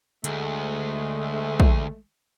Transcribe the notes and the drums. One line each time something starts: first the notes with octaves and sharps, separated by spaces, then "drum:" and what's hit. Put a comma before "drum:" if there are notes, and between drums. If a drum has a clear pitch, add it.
D2 G#3 A3, drum: hi-hat
drum: kick